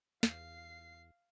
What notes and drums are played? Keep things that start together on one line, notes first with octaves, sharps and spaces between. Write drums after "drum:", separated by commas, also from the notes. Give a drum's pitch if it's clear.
E2 F5 C7, drum: snare